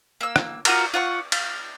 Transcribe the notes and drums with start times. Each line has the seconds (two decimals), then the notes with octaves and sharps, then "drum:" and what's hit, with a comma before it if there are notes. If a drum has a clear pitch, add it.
0.21 A#3 E6
0.36 drum: rim click
0.65 F4 F#4 A#4, drum: cymbal
0.94 F4 F#5 C#6
1.32 F5, drum: cymbal